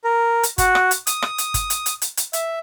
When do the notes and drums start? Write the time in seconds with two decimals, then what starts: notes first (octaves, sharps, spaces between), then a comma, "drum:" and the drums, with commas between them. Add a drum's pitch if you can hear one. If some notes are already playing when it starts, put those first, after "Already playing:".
0.04 A#4
0.43 drum: hi-hat
0.58 F#4, drum: kick, hi-hat
0.75 drum: rim click
0.91 drum: hi-hat
1.07 D#6, drum: hi-hat
1.22 drum: rim click
1.38 drum: hi-hat
1.54 drum: kick, hi-hat
1.70 drum: hi-hat
1.86 drum: hi-hat
2.02 drum: hi-hat
2.17 drum: hi-hat
2.33 E5, drum: hi-hat